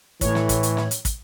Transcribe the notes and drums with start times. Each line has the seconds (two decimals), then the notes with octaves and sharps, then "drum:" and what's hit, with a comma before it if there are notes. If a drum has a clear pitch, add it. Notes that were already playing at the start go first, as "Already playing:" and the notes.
0.21 A2 E3 C#5, drum: kick, hi-hat
0.35 drum: snare
0.49 drum: kick, hi-hat
0.63 drum: hi-hat
0.77 drum: snare
0.91 drum: hi-hat
1.05 drum: kick, hi-hat